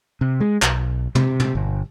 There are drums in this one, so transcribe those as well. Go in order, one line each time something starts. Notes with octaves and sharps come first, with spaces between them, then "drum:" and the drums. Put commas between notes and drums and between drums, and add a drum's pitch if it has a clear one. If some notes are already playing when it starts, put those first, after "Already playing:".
C3
G#3
B1, drum: clap
C3, drum: tom
drum: tom
G1